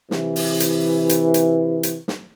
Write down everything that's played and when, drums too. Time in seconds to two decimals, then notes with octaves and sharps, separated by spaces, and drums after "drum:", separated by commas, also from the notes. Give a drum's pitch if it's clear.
0.11 C3 E3, drum: snare
0.36 drum: open hi-hat
0.60 drum: hi-hat
1.09 drum: hi-hat
1.34 drum: hi-hat
1.83 drum: hi-hat
2.08 drum: snare